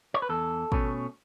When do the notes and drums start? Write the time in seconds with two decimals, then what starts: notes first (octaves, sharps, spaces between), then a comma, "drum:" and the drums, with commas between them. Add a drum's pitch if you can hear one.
0.14 C#5
0.22 B4
0.29 E2 A4
0.72 B2 A3 C#4, drum: kick